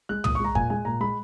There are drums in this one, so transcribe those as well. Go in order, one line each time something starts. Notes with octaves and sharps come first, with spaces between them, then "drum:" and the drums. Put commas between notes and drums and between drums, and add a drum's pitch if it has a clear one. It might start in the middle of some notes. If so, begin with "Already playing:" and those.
G#3 F#6
A#2 D#6, drum: tom
G#3 C#6
A#5
A#2 G#5, drum: kick E2
G#3 G#5
A#2 A#5
G#3 B5